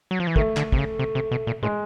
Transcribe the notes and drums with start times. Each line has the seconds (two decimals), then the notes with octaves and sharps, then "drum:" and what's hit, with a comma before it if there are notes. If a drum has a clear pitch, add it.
0.11 F#3
0.20 F3
0.27 E3
0.36 D#3 A3, drum: kick
0.57 D3, drum: clap
0.72 C3, drum: kick
0.78 C#3
0.99 C3
1.15 C3
1.31 B2
1.47 A#2
1.63 A2 G#3